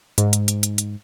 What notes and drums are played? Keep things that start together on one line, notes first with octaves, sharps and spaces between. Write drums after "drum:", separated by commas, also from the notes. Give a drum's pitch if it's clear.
G#2, drum: hi-hat
drum: hi-hat
drum: hi-hat
drum: hi-hat
drum: hi-hat